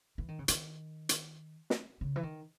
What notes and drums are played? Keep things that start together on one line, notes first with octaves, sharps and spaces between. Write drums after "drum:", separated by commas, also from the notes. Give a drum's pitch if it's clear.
E3
D#3
C#3
D#3, drum: hi-hat
drum: hi-hat
drum: snare
C#3
E3
D#3